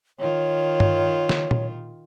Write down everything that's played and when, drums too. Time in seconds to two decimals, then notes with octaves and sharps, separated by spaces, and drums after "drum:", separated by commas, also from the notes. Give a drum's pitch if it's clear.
0.19 D#3 F4 C#5
0.80 drum: tom G2
1.29 drum: snare
1.51 drum: tom A#2